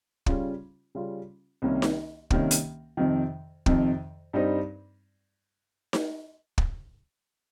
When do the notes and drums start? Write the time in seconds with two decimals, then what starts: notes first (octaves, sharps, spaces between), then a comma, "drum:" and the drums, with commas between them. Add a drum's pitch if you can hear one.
0.26 C#3 G3 C#4 F4, drum: kick
0.95 C#3 G3 C#4 F4
1.62 C2 C3 D#3 A#3 C#4
1.82 drum: snare D#4
2.30 C2 C3 D#3 A#3 C#4, drum: kick
2.51 drum: hi-hat
2.97 F2 C3 D#3
3.66 F2 C3 D#3, drum: kick
4.33 G2 G3 C4 D#4
5.93 drum: snare D#4
6.58 drum: kick